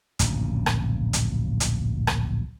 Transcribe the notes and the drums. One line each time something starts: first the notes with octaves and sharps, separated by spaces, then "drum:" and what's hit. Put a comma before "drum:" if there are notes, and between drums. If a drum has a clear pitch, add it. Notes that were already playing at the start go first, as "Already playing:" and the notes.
D1 A#1 F#2 C#3, drum: hi-hat
drum: rim click
drum: hi-hat
drum: hi-hat
drum: rim click